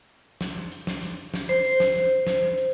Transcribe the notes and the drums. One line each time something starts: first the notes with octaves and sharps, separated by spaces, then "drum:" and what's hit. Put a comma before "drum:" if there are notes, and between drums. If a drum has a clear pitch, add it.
drum: snare
drum: hi-hat
drum: snare
drum: hi-hat
drum: snare
C5
drum: hi-hat
drum: snare
drum: hi-hat
drum: snare
drum: hi-hat